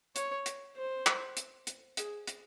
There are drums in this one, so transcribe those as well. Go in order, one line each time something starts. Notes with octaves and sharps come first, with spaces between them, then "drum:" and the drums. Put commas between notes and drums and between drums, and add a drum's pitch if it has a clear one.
C#5, drum: hi-hat
drum: hi-hat
C5
drum: clap
drum: hi-hat
drum: hi-hat
G#4, drum: hi-hat
drum: hi-hat